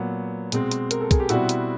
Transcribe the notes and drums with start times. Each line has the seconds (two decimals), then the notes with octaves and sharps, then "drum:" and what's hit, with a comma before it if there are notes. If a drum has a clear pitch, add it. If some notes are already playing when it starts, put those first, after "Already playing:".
Already playing: A#2 F#3 B3
0.52 B2 G#3 C4, drum: hi-hat
0.71 drum: hi-hat
0.91 A#4, drum: hi-hat
1.01 A4
1.11 G#4, drum: kick, hi-hat
1.20 G4
1.29 B2 G3 C4 E4 F#4, drum: hi-hat
1.49 drum: hi-hat